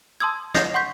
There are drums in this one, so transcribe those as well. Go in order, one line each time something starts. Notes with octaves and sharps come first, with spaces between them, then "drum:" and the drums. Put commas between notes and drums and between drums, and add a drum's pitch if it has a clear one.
A5 C6 D#6 E6 G#6
D#5 D#6 G6 A#6 C7 F7, drum: snare
F#5 C6 C#6 G6 B6